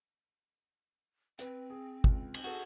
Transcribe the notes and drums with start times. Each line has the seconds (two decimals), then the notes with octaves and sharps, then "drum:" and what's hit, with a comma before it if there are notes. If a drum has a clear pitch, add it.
1.39 C4 B4, drum: hi-hat
1.70 G#4
2.04 C#2, drum: kick
2.34 drum: cymbal
2.44 F#4 G#4 A4